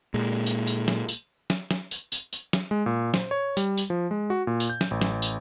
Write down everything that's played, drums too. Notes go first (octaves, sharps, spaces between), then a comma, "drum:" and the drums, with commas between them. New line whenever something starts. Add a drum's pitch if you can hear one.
A#2 G#3
drum: tambourine
drum: tambourine
drum: snare
drum: tambourine
drum: snare
drum: snare
drum: tambourine
drum: tambourine
drum: tambourine
drum: snare
G#3
A#2
C5, drum: snare
C#5
G3, drum: tambourine
drum: tambourine
F3
G#3
F#4
A#2
drum: tambourine
G6
drum: snare
A1
drum: snare
drum: tambourine